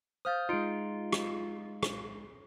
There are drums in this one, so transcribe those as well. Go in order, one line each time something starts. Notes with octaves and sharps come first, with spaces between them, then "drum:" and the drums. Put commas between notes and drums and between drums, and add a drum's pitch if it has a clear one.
C5 F5 D#6 F6 G6 A6
G#3 D#4 F4 F5 C6 C#7 D7
drum: rim click
drum: rim click